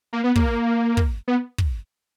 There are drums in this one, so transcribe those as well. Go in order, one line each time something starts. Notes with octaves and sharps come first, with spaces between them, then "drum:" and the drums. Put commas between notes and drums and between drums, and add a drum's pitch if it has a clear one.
A#3
B3
A#3, drum: kick
drum: kick
B3
drum: kick